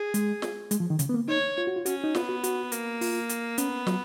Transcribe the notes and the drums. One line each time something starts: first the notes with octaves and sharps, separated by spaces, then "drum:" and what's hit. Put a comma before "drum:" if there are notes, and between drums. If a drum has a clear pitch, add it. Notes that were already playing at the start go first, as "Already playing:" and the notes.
Already playing: G#4
G#3, drum: hi-hat
drum: snare
G#3, drum: hi-hat
F3
D#3
C#3, drum: hi-hat
B3
A#3
D#4 C#5
F4
F#4
F4
C#4 F#4, drum: hi-hat
D#4
B3 F4, drum: snare
F#4
F#4, drum: hi-hat
A#3, drum: hi-hat
F4, drum: open hi-hat
drum: hi-hat
B3 C#4, drum: hi-hat
F#3, drum: snare